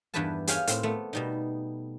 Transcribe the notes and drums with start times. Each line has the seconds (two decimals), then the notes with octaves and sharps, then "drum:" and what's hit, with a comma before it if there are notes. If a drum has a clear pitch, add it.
0.14 E2 G2 E3 G4 B4 A5
0.47 G4 G#4 C#5 F5 G5 G#5, drum: hi-hat
0.67 A2 C4, drum: hi-hat
0.83 A3 B3
1.13 B2 G3 D#4